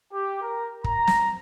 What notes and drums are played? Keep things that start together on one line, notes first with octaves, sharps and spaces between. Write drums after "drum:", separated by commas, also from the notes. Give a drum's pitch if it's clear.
G4
A#4
A#5, drum: kick
drum: snare